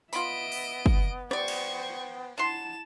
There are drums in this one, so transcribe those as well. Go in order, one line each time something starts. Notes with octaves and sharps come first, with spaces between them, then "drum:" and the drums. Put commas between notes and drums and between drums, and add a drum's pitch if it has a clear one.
B3 F4 D#5 E5 B5 D7, drum: tambourine
drum: open hi-hat
drum: kick
G3 C5 D5 G5 C#6 G#6, drum: rim click
drum: cymbal
D4 E4 F#5 A5 A#5 C6 E7